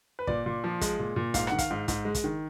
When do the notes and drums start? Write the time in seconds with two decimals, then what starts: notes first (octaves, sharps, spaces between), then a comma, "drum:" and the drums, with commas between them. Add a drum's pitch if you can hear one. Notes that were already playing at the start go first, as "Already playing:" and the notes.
0.19 B4
0.27 A#2 D5, drum: kick
0.46 A#2
0.64 F3
0.81 G#3, drum: kick, hi-hat
0.99 A#2
1.16 A#2
1.34 G#2 F5, drum: kick, hi-hat
1.47 D#3 F#5, drum: rim click
1.58 F5, drum: kick, hi-hat
1.70 G#2
1.88 G#2, drum: kick, hi-hat
2.05 G#3
2.15 drum: kick, hi-hat
2.24 D#3